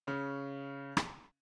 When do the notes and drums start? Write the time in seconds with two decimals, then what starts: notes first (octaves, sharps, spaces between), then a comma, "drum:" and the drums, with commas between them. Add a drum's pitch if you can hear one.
0.07 C#3 C#4
0.97 drum: rim click